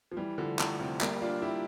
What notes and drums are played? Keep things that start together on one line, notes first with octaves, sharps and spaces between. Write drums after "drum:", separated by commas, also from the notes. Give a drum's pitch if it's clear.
F3
E3 G3
D3 F3
D3, drum: clap
C3
G3 A#3, drum: clap
D4 F4
E4 G4